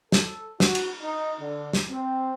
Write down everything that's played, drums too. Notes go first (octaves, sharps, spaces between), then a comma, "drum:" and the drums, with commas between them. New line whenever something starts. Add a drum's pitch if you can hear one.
A4, drum: snare
F#4, drum: snare
drum: cymbal
D#4
D3
drum: snare
C4